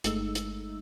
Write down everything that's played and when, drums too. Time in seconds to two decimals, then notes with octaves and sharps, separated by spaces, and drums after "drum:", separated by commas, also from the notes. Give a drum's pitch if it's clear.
0.04 G1 G#3 A3 D#4 E6, drum: hi-hat
0.35 drum: hi-hat